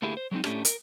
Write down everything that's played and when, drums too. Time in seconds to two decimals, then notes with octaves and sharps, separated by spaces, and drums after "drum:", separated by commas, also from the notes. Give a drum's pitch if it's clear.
0.02 D3 A3 A#3 E4 G4 G#4
0.17 C5
0.31 F#3 G#3 A#3 C4 D#4
0.44 A2 A3 C#4 D4 G4, drum: rim click
0.65 A#4, drum: hi-hat